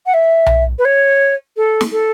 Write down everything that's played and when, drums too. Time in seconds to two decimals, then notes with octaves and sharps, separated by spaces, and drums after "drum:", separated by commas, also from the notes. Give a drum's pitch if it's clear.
0.06 F#5
0.13 E5
0.46 drum: tom B1
0.78 B4
0.85 C#5
1.56 A4
1.81 drum: snare
1.91 A4